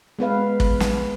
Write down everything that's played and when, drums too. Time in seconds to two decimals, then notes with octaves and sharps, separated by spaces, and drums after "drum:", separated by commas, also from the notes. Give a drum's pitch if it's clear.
0.19 G#3 B3 B4 F5
0.60 drum: kick
0.80 drum: snare